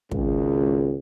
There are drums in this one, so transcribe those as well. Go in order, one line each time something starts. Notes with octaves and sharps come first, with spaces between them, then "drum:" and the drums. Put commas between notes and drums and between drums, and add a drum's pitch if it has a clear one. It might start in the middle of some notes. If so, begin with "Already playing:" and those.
G#1 C#2, drum: kick